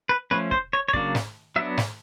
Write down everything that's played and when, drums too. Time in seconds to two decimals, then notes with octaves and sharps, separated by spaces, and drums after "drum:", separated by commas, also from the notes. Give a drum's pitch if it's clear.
0.09 B4
0.31 F3 A3 C#4 B4
0.51 C5, drum: kick
0.73 C#5
0.88 C#5
0.93 C#3 F#3 A#3 D4 D5, drum: kick
1.15 drum: snare
1.56 F#3 B3 D4 E5
1.78 drum: snare